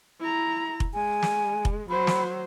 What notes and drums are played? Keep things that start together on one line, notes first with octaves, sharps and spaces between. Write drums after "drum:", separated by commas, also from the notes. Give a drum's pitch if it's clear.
E4 A#5
drum: kick F1
G#3 G#5
drum: snare
drum: kick F1
F#3 C5 B5
drum: snare